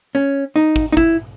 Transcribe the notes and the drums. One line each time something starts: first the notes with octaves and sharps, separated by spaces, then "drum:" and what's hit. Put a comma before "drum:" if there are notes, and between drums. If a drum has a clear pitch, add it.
C#4
D#4
drum: kick
D#4
E4, drum: kick